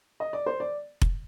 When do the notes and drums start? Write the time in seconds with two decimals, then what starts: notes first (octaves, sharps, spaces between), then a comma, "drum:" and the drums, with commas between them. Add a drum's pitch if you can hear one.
0.20 D#5
0.33 D5
0.46 C5
0.60 D5
1.02 drum: kick F1